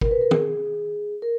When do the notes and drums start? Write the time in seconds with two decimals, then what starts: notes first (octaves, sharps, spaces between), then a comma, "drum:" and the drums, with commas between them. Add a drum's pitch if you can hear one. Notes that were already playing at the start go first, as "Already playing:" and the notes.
0.01 A#4, drum: kick
0.11 B4
0.21 A#4
0.31 G#4, drum: tom
1.22 A#4